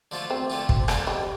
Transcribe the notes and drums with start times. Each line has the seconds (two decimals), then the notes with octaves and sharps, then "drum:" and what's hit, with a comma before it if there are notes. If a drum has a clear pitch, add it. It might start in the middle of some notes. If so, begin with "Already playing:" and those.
0.11 D3 F3 A3 F4
0.30 D2 C4
0.50 D3 F3 A3 F4
0.69 D2, drum: kick
0.88 D3 F3 A3 F4, drum: rim click
1.07 F2 G3